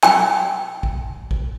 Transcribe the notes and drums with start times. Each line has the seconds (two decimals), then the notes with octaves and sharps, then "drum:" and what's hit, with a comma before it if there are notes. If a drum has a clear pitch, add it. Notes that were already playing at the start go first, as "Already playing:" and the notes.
0.03 G5, drum: clap
0.83 drum: kick
1.31 drum: kick